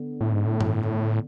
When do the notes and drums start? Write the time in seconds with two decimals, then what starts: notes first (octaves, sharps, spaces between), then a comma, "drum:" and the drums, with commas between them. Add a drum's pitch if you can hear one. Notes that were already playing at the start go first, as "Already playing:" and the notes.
Already playing: D3 B3
0.21 A2
0.33 G#2
0.45 A2
0.61 drum: tom G2